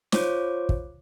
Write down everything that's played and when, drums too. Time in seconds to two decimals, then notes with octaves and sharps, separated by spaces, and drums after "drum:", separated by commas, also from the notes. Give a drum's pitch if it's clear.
0.12 F4 C5 C#5 D6, drum: snare
0.69 drum: kick